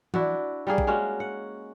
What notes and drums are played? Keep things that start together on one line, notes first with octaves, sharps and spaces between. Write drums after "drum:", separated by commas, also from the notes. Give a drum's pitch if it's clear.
D4 E4 F#4, drum: tom E3
G3 A#3 G#4
drum: kick A#1
G#3 A#3 C#4 F#4
F#5